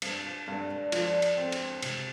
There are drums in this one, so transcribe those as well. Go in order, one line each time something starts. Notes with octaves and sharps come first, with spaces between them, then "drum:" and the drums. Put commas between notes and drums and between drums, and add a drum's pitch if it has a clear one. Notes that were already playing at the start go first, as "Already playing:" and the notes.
G2 F3, drum: cymbal
F3
G2 D3
D3
D3 F3, drum: cymbal
drum: cymbal
C4
drum: cymbal
C3, drum: cymbal